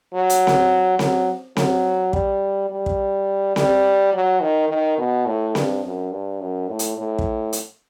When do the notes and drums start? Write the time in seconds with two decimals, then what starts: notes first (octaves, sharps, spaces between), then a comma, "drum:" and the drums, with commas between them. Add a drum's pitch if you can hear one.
0.14 F#3
0.30 drum: hi-hat
0.47 drum: snare C4
0.99 F#3, drum: snare C4
1.57 F#3, drum: snare C4
2.13 G3, drum: kick
2.70 G3
2.86 drum: kick
3.56 G3, drum: snare C4
4.13 F#3
4.42 D#3
4.69 D#3
4.98 B2
5.26 A2
5.55 G2, drum: snare C4
5.84 F#2
6.12 G2
6.41 F#2
6.69 A2
6.79 drum: hi-hat
6.98 A2
7.18 drum: kick
7.53 drum: hi-hat